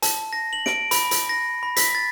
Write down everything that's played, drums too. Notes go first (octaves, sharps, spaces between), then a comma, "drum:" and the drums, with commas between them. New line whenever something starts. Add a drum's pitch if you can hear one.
A5, drum: hi-hat
A#6
F#7
D7, drum: snare
B5, drum: hi-hat
drum: hi-hat
A#6
B5
B6, drum: hi-hat
A6